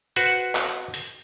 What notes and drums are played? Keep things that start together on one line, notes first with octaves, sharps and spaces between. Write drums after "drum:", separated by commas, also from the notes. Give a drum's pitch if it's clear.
F#4 B4 C5 F#5, drum: hi-hat
drum: clap
drum: hi-hat